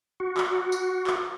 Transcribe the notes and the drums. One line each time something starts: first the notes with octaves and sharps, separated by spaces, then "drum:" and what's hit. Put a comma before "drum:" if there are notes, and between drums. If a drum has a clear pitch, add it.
F#4
drum: clap
drum: tambourine
drum: clap